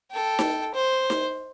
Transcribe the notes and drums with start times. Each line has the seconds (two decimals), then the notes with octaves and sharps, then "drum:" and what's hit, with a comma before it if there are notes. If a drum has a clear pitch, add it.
0.12 A4 G5
0.39 drum: snare D#4
0.74 C5
1.10 drum: snare D#4